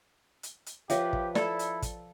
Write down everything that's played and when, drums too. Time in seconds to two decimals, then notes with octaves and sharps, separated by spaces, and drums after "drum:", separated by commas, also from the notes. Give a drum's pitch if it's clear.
0.43 drum: hi-hat
0.66 drum: hi-hat
0.90 F3 G4 B4 C#5 E5 F5, drum: hi-hat
1.13 drum: kick
1.35 E4 A4 D5 B5, drum: snare
1.59 drum: hi-hat
1.82 drum: kick, hi-hat